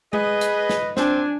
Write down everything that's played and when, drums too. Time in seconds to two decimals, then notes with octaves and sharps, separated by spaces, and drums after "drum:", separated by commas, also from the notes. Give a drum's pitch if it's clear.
0.13 G#4 B4 D#5, drum: tom G#3
0.41 drum: hi-hat
0.69 drum: snare
0.97 C4 D4 G#5, drum: snare